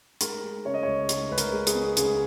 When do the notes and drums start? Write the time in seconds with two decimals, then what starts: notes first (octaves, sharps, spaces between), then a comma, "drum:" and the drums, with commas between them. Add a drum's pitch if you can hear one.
0.21 G#3 A#4, drum: hi-hat
0.43 G#3
0.65 C#3 C#5
0.74 D#5
0.83 C#2 C#5
1.09 G#3, drum: hi-hat
1.31 C#2 B4
1.38 A#4, drum: hi-hat
1.52 G#3
1.67 G#4, drum: hi-hat
1.75 B3
1.97 C#2 G#4, drum: hi-hat